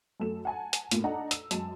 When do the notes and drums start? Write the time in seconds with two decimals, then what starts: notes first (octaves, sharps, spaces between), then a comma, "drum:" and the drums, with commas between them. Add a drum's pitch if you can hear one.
0.20 F#2 A3 A4 E7
0.45 F#5 G#5 A5
0.73 drum: hi-hat
0.91 A2 A3 A#3 F4, drum: hi-hat
1.04 D4 D#4 A4 F#5 A5 A#5
1.31 E6, drum: hi-hat
1.51 F#2 G#3 A5 E7, drum: hi-hat